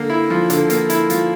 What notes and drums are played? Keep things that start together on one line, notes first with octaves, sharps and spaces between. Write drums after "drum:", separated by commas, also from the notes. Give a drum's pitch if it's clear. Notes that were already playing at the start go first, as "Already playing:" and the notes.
Already playing: D3 A#3
E4
F3
D3, drum: hi-hat
A#3, drum: hi-hat
E4, drum: hi-hat
F3, drum: hi-hat